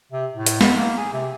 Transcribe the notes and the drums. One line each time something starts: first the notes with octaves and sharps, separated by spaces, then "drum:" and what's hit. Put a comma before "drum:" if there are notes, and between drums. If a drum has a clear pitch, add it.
C3
A2
drum: hi-hat
B3, drum: snare
A#3
G#4
C3